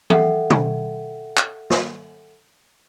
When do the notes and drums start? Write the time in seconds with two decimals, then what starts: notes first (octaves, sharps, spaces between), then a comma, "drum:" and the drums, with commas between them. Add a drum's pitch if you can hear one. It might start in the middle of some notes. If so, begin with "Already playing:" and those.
0.10 A4 E5 F#5 G5, drum: tom E3
0.50 drum: tom B2
1.37 drum: clap
1.70 drum: snare